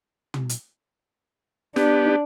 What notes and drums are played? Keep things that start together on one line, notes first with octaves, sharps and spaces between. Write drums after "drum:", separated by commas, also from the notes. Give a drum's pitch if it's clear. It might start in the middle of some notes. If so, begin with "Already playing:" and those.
drum: tom
drum: hi-hat
B3 D4 G4, drum: snare